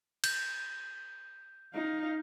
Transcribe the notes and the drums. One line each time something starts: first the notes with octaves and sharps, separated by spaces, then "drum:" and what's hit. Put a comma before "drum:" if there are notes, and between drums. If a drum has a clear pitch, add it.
G6, drum: cymbal
D#4 F5